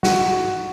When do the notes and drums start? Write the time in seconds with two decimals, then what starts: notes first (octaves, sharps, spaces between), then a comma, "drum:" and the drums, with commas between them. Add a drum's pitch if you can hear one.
0.03 F#4, drum: snare